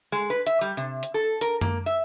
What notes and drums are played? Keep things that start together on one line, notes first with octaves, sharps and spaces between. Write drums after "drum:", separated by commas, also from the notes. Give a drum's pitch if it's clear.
G#3
B4
E5, drum: hi-hat
G3
C3
drum: hi-hat
A4
A#4, drum: hi-hat
A#3, drum: tom F#2
E5